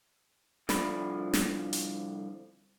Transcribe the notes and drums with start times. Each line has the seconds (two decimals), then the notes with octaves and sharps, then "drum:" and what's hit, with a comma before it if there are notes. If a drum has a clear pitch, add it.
0.69 C2 D3 F3 D5 B5, drum: snare
1.33 drum: snare
1.73 drum: hi-hat